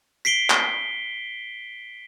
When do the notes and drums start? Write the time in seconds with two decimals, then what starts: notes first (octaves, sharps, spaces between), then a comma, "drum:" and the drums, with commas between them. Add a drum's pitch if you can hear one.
0.25 B6 C7 D7 G7
0.50 drum: clap